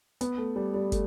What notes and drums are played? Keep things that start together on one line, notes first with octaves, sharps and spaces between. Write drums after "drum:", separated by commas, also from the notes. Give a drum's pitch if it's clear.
B3, drum: hi-hat
A3
G3
G3
A3, drum: kick, hi-hat